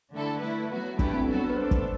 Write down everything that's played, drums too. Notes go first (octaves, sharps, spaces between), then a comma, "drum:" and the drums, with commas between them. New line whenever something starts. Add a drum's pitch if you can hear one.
D3 A3 E4 A4
A3 E4 B4
F#3 B3 F#4
A3 D4 E4 G4 B4, drum: kick
C4
F#3 B3 D4 F#4 A4
B4
A3 D4 A4 C5
drum: kick